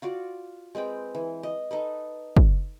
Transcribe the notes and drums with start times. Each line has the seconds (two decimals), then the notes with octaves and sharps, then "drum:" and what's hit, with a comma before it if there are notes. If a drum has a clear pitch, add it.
0.02 F4 F#4 D5
0.75 G#3 C4 B4 G5
1.15 E3
1.43 D#5
1.71 D#4 A4 B4
2.37 drum: kick